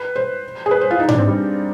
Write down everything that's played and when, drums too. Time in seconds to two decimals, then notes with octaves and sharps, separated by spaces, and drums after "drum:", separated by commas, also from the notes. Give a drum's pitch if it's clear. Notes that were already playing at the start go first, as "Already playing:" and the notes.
Already playing: B4
0.16 C5
0.66 G#4
0.71 B4
0.81 C5
0.91 F4
1.00 D#4
1.08 D4, drum: tom G#2
1.18 C4
1.28 G3